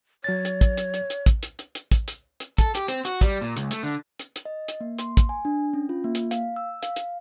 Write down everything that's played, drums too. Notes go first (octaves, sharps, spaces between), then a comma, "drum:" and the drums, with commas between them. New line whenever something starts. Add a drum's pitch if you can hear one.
F#3 C#5 A6
drum: hi-hat
drum: kick, hi-hat
drum: hi-hat
drum: hi-hat
drum: hi-hat
drum: kick, hi-hat
drum: hi-hat
drum: hi-hat
drum: hi-hat
drum: kick, hi-hat
drum: hi-hat
drum: hi-hat
A4, drum: kick, hi-hat
G4, drum: hi-hat
C4, drum: hi-hat
F#4, drum: hi-hat
G3, drum: kick, hi-hat
A#2
C#2, drum: hi-hat
A3, drum: hi-hat
D3
drum: hi-hat
drum: hi-hat
D#5
drum: hi-hat
A#3
C6, drum: hi-hat
drum: kick, hi-hat
G#5
D4
C#4
F4
A#3
drum: hi-hat
F5, drum: hi-hat
E6
F5, drum: hi-hat
drum: hi-hat